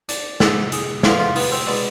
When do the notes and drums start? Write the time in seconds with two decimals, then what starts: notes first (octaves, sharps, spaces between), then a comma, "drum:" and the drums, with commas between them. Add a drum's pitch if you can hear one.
0.09 D4, drum: hi-hat
0.40 G#2 G#3 A4, drum: snare
0.72 G#4, drum: hi-hat
1.03 E2 D3 F3 G#3 F4, drum: snare
1.20 F4
1.36 B3, drum: open hi-hat
1.52 C4
1.67 B2 G#3 D4